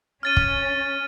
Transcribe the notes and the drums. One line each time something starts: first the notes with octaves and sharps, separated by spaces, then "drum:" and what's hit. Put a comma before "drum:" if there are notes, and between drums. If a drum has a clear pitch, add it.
C#4 F6 A6 D#7
drum: kick